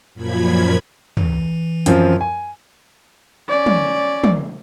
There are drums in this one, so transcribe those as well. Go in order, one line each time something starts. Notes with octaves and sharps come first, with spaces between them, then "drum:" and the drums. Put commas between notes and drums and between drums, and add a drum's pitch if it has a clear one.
F#2 A#2 F3 B5 G#6
E3, drum: tom
F#2 F3 C4, drum: hi-hat
G#5
C#4 D5
drum: tom
drum: tom